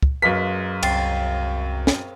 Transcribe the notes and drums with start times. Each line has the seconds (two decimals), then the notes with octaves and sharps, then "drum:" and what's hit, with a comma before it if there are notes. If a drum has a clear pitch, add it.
0.03 drum: kick
0.22 F#2 G#3 A#3 B4 B6
0.83 C2 C4 G5 A6 C7, drum: cymbal
1.87 drum: snare